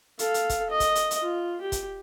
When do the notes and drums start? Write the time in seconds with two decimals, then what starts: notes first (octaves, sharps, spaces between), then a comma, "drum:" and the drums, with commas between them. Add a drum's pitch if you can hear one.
0.19 A4 F5, drum: hi-hat
0.34 drum: hi-hat
0.49 drum: kick, hi-hat
0.70 D#5
0.80 drum: kick, hi-hat
0.95 drum: hi-hat
1.11 drum: hi-hat
1.21 F4
1.61 G4
1.72 drum: kick, hi-hat